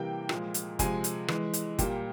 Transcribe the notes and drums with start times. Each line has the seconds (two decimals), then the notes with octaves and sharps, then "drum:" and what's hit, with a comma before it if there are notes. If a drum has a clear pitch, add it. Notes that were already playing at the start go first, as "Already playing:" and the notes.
Already playing: C3 E3 G3 A#3 G5
0.29 A#2 F3 G#3, drum: rim click
0.54 drum: hi-hat
0.79 C3 F3 G#3 G#5, drum: kick G1, hi-hat
1.04 drum: hi-hat
1.28 E3 G#3, drum: rim click
1.53 drum: hi-hat
1.79 A#2 G3 A#3 G5, drum: kick G1, hi-hat